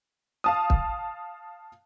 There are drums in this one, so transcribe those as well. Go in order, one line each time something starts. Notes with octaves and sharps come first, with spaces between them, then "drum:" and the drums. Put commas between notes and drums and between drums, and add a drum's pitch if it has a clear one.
F5 A5 D#6
drum: kick